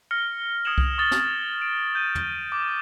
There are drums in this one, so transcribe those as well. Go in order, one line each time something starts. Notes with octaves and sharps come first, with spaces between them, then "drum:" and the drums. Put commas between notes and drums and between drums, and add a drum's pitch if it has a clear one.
F6 A#6 C#7 G7
D#6 G#6 C#7 D7 E7 F#7
drum: kick C2
C#6 D#6 A6 E7 G7
drum: snare
D7
G6 D#7
drum: tom
D6